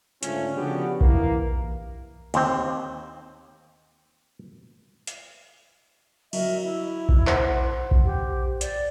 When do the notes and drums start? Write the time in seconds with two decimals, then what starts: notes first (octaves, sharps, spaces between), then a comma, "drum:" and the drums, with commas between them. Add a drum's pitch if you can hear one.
0.23 G#2 D3 A3 C#4 F4, drum: hi-hat
0.55 C#3 F3 B3 D4 F#4 G4
1.01 E3 A#3 A#4, drum: kick A#1
2.34 D#2 C4, drum: cymbal
5.07 drum: hi-hat
6.33 F#3 A#4 D#5 E5, drum: cymbal
6.63 E4
7.09 drum: kick A#1
7.27 C5 F#5, drum: clap
7.91 drum: kick A#1
8.05 G4
8.61 D5, drum: hi-hat